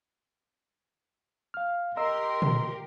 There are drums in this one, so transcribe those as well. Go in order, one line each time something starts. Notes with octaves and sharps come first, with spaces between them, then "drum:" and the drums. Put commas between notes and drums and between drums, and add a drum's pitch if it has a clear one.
F5 F6
G4 A#4 D#5 A#5 C6 E6
drum: tom A#2